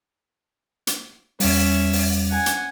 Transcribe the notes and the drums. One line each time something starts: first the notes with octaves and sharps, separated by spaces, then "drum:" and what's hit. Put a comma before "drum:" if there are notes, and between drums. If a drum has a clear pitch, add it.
drum: hi-hat
E2 G3 C#4 E5, drum: open hi-hat
drum: open hi-hat
F#5 G#5
drum: hi-hat